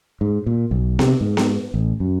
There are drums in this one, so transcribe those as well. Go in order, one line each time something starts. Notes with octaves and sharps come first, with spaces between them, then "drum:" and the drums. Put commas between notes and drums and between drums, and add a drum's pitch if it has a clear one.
G#2
A#2
B1
C3, drum: snare B3
G#2
drum: snare B3
A1
F#2